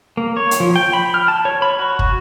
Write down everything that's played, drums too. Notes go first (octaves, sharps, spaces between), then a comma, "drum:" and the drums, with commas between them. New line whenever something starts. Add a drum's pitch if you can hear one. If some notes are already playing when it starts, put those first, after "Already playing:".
A#3
C#5
drum: hi-hat
F3
G5
B5
F6
A5
C#5
B5
F#4
drum: kick